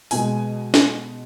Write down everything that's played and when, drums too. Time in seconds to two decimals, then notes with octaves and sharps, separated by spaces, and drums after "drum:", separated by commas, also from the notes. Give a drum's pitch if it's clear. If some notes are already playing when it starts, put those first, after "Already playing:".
0.11 B2 G#3 G#5, drum: open hi-hat
0.74 drum: snare